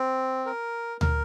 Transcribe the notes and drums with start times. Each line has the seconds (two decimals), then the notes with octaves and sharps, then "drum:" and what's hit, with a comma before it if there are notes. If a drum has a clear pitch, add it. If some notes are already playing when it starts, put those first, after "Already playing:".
Already playing: C4
0.46 A#4
1.01 A#4, drum: tom D2